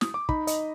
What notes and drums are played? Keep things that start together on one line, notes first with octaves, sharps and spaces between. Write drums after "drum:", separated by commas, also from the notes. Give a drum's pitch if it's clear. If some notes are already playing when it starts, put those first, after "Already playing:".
D#6, drum: snare
D6
D#4 B5, drum: kick
D#5, drum: hi-hat